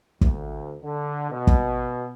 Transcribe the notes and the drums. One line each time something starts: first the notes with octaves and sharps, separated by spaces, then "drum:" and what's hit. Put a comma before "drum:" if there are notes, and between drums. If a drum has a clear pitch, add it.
D2, drum: kick
D3
B2
drum: kick